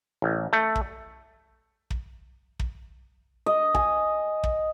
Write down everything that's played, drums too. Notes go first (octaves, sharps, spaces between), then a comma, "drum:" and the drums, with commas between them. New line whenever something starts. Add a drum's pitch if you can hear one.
A1
A3
drum: kick
drum: kick
drum: kick
D#5
G#5, drum: kick
drum: kick